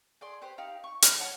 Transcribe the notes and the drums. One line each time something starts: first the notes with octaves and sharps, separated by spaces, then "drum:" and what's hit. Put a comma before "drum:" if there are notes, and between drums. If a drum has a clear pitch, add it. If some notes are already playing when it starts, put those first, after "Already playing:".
G#4 D5 C6
G4 B4 C5
D#4 G4 F5
C#6
B5 F6, drum: hi-hat
C#5 F#5 A5